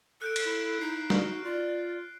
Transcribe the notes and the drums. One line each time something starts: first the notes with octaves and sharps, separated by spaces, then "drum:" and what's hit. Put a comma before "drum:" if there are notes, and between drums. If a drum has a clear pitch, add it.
A4 F#6 G6 D7
drum: cymbal
E4
D#4 C7
F#4 F6 G6, drum: snare
F4 D5